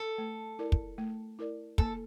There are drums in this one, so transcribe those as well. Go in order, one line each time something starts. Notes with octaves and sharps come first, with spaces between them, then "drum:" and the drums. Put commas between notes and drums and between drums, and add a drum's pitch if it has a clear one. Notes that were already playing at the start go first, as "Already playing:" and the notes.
Already playing: A4
A3
E4 A#4 D5
drum: kick
A3
E4 A#4 D5
A#3 A4, drum: kick